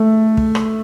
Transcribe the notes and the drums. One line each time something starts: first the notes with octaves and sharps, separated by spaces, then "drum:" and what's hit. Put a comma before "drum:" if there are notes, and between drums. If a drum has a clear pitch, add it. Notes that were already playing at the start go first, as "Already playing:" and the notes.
Already playing: A3
drum: kick
drum: rim click